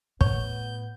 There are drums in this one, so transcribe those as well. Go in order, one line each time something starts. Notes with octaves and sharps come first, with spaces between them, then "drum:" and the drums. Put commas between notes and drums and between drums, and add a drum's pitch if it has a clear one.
A2 B3 C#5 G6, drum: kick